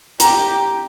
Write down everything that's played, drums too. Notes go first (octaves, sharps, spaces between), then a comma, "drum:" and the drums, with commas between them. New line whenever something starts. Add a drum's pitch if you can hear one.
G4 A#5, drum: hi-hat